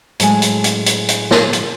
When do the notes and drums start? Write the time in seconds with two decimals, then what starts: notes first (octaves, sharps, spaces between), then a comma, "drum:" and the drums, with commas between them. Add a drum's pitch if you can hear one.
0.20 A2 F#3 G#3 G#5, drum: hi-hat
0.42 drum: hi-hat
0.64 drum: hi-hat
0.86 drum: hi-hat
1.09 drum: hi-hat
1.31 drum: snare
1.53 drum: hi-hat